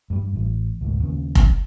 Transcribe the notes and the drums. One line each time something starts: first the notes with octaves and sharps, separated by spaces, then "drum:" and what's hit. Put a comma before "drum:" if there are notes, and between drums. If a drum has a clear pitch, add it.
G2 G3
A1
C#2 G#2
D#2 C#3
drum: kick F1